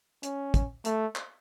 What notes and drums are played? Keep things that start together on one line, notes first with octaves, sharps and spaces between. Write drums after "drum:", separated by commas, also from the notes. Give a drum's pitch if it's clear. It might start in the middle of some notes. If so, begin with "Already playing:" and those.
C#4, drum: hi-hat
drum: kick, hi-hat
A3, drum: hi-hat
drum: clap